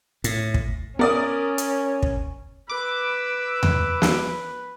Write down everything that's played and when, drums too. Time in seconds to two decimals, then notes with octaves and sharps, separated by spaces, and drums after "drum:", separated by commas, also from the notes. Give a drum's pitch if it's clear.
0.24 A2, drum: hi-hat
0.54 drum: kick
0.99 B3 C#4 A#4 D5 D#6
1.58 drum: hi-hat
2.03 drum: kick
2.69 B4 D6 E6
3.63 drum: tom E2
4.02 drum: snare